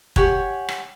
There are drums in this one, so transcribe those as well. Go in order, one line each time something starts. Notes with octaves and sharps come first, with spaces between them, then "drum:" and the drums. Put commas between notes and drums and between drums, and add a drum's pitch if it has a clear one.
G4 C#5 F#5 G#5, drum: kick
drum: rim click